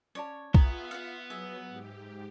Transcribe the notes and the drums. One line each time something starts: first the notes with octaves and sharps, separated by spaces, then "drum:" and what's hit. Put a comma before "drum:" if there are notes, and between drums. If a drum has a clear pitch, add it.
C#4 C#5 D5 A5
B3 F4 G#4 E5 A#5, drum: kick
F5 F#5
F#3 G#4 B4 E5
G#2 G4